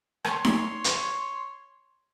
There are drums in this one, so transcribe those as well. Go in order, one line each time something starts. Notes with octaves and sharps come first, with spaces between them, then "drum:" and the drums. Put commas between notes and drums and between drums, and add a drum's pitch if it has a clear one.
C#5 C6, drum: rim click
drum: snare D#4
drum: hi-hat